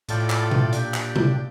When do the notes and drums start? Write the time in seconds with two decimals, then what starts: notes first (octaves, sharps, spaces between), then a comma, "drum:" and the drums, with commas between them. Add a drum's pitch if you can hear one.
0.09 A2 F4 A4 D5 G5, drum: hi-hat
0.30 drum: clap
0.51 drum: tom B2
0.73 A#2 D4 G4 D5 G5, drum: hi-hat
0.94 drum: clap
1.16 drum: tom C3